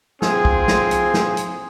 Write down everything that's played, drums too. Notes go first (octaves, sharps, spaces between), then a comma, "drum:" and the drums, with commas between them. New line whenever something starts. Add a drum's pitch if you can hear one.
C4 F4 G#4, drum: snare
drum: kick
drum: snare
drum: hi-hat
drum: snare
drum: hi-hat